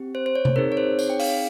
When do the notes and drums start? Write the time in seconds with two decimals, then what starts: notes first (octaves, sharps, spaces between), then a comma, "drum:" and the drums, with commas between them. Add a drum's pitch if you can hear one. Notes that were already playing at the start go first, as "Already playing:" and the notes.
Already playing: C4 G4
0.15 C5
0.26 C5
0.36 C#5
0.45 drum: tom C3
0.56 C4 D#4 G#4 A#4
0.72 C#5
0.77 C5
0.99 C#5, drum: tambourine
1.10 G5
1.20 F5, drum: open hi-hat